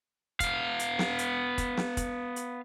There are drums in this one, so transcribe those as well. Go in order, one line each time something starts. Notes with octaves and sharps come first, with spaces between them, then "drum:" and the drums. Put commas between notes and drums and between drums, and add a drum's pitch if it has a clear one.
B3 F5, drum: kick, hi-hat
drum: hi-hat
drum: snare
drum: hi-hat
drum: kick, hi-hat
drum: snare
drum: kick, hi-hat
drum: hi-hat